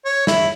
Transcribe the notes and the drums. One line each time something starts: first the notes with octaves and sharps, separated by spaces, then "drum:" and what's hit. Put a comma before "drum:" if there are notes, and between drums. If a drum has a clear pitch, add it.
C#5
E4, drum: snare